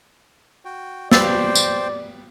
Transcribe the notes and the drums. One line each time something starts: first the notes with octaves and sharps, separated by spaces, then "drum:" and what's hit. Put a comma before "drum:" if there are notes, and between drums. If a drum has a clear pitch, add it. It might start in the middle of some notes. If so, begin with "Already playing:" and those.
F#4 G5
G3 B3 C5 D5 G5 E6 A6, drum: snare
drum: tambourine